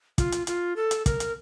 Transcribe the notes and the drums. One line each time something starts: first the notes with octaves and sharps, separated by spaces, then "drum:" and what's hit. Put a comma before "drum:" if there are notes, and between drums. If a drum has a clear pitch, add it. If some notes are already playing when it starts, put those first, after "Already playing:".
F4, drum: kick, hi-hat
drum: hi-hat
F4, drum: hi-hat
A4
drum: hi-hat
A#4, drum: kick, hi-hat
drum: hi-hat